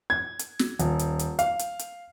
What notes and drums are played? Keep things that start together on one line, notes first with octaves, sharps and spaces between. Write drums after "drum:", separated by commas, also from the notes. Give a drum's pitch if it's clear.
G#6
drum: hi-hat
drum: snare
D#1, drum: hi-hat
drum: hi-hat
drum: hi-hat
F5, drum: hi-hat
drum: hi-hat
drum: hi-hat